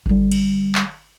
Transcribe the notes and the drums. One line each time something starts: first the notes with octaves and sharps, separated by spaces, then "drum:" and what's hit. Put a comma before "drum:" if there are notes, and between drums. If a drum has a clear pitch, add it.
D3 G3, drum: kick G#1
drum: cymbal
drum: clap